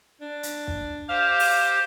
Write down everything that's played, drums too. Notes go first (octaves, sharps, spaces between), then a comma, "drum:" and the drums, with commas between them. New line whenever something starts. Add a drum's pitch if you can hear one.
D4
drum: hi-hat
drum: kick
G4 C5 F5
drum: open hi-hat